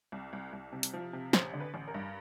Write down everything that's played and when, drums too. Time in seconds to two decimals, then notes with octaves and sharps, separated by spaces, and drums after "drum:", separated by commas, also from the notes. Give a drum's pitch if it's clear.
0.12 C2
0.33 C2
0.53 C2
0.73 C3
0.83 drum: hi-hat
0.94 F3
1.13 C3
1.33 A1 C5, drum: snare
1.54 D3
1.60 B4
1.74 A1
1.88 A#4
1.94 G2